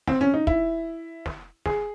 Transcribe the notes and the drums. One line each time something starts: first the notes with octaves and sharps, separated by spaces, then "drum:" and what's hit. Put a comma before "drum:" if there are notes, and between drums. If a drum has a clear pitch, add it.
C4, drum: snare
C#4
D#4
E4, drum: kick
drum: snare
G#4, drum: snare